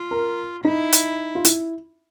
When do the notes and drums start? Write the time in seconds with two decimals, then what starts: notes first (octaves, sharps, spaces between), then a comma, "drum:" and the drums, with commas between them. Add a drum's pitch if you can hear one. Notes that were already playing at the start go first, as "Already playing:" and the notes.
Already playing: F4
0.11 A#4
0.65 D#4 E4
0.92 drum: hi-hat
1.35 F4
1.45 E4, drum: hi-hat